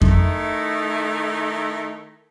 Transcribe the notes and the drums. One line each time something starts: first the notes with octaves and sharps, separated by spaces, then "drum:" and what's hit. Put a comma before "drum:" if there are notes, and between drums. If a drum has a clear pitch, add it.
D#3 A3 D#4 E4, drum: kick F2